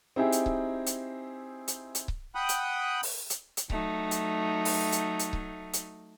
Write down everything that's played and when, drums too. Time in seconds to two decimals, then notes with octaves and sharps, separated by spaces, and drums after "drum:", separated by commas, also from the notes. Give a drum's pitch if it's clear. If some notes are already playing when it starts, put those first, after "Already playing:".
0.16 C4 D#4 E4 G4 G#4
0.32 drum: hi-hat
0.46 drum: kick C#1
0.86 drum: hi-hat
1.68 drum: hi-hat
1.95 drum: hi-hat
2.08 drum: kick C#1
2.35 F#5 G5 B5 D#6 F#6
2.49 drum: hi-hat
3.03 drum: open hi-hat
3.30 drum: hi-hat
3.57 drum: hi-hat
3.70 F#3 A3 D#4, drum: kick C#1
4.11 drum: hi-hat
4.65 drum: open hi-hat
4.92 drum: hi-hat
5.19 drum: hi-hat
5.33 drum: kick C#1
5.73 drum: hi-hat